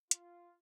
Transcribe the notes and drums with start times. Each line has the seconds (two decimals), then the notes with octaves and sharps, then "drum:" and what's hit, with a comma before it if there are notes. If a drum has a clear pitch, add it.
0.11 F4, drum: hi-hat